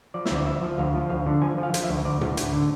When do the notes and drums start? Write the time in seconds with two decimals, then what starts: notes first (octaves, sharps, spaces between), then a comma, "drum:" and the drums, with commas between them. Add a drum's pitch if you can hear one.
0.14 F3 D5
0.25 E5, drum: snare
0.31 D2 D5
0.46 F3 E5
0.62 F3
0.78 D2 F5
0.95 F3
1.10 D2 F5
1.26 D3
1.42 F3 G#5
1.58 F3
1.63 F5
1.74 F3, drum: hi-hat
1.84 E5
1.89 D2
2.05 D2 D5
2.21 D2, drum: tom A2
2.37 D2, drum: hi-hat
2.53 D3